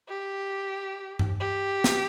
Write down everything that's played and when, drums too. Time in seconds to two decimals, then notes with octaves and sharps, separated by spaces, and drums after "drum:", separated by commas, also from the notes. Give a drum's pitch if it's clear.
0.08 G4
1.19 drum: tom G2
1.40 G4
1.84 drum: snare